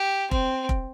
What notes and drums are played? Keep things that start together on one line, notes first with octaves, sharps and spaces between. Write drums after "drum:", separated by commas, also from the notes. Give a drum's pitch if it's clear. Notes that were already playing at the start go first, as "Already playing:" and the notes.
Already playing: G4
C4, drum: kick F1
drum: kick F1